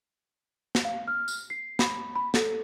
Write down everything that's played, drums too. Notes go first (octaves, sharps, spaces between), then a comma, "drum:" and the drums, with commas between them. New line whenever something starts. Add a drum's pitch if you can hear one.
drum: snare
F5
F6
drum: tambourine
C7
B5, drum: snare
B5
A4, drum: snare